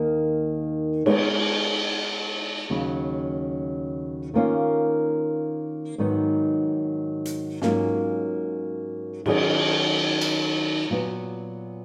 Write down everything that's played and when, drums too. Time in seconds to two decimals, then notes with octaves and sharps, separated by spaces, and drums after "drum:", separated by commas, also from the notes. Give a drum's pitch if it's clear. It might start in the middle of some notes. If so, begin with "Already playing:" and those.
Already playing: D#2 D#3 A#3
1.06 G#3 B3 D#4 G#4 C#5, drum: cymbal
2.70 D#2 C#3 F#3
4.34 D#3 A#3 C#4 F4
5.98 G#2 D#3 F#3 B3 D#4
7.25 drum: hi-hat
7.62 G#2 F#3 A#3 C#4 F4, drum: snare
9.26 D#3 F#3 C#4 G#4 D#5, drum: cymbal
10.21 drum: cymbal
10.90 A#2 F#3 B3 F#4